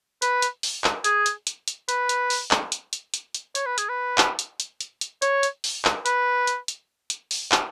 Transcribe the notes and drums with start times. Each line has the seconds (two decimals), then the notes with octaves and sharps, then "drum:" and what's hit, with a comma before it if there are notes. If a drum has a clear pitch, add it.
0.22 B4, drum: hi-hat
0.42 drum: hi-hat
0.63 drum: open hi-hat
0.84 drum: clap
1.04 G#4, drum: hi-hat
1.26 drum: hi-hat
1.47 drum: hi-hat
1.68 drum: hi-hat
1.89 B4, drum: hi-hat
2.09 drum: hi-hat
2.30 drum: open hi-hat
2.51 drum: clap
2.72 drum: hi-hat
2.93 drum: hi-hat
3.14 drum: hi-hat
3.34 drum: hi-hat
3.55 C#5, drum: hi-hat
3.66 B4
3.78 G#4, drum: hi-hat
3.89 B4
4.18 drum: clap
4.39 drum: hi-hat
4.60 drum: hi-hat
4.81 drum: hi-hat
5.01 drum: hi-hat
5.22 C#5, drum: hi-hat
5.43 drum: hi-hat
5.64 drum: open hi-hat
5.85 drum: clap
6.06 B4, drum: hi-hat
6.47 drum: hi-hat
6.68 drum: hi-hat
7.10 drum: hi-hat
7.31 drum: open hi-hat
7.52 drum: clap